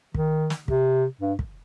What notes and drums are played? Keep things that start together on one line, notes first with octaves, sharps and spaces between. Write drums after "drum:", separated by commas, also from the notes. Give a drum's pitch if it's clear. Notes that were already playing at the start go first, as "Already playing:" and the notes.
D#3, drum: kick
drum: snare
C3, drum: kick
G2
drum: kick